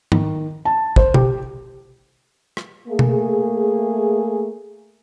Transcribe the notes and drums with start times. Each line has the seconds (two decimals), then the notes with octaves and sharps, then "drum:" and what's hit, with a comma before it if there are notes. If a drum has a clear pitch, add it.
0.12 D#3, drum: tom
0.65 A5
0.96 C5, drum: kick
1.14 G4, drum: tom B2
2.57 drum: rim click
2.88 A3 A#3 G#4
2.99 drum: tom B2